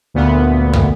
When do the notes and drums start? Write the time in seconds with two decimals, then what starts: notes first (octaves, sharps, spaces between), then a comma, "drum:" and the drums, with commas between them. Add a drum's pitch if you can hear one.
0.14 D2 A#2 B3
0.73 drum: tom